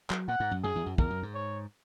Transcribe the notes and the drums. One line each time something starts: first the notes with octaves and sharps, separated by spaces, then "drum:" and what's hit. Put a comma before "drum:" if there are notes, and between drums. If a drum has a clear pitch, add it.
F#3, drum: clap
A#2 F#5
G#2
F#2
F#2 G#4
E2
F#2
E2 A#4, drum: kick
F#2
G#2
C#5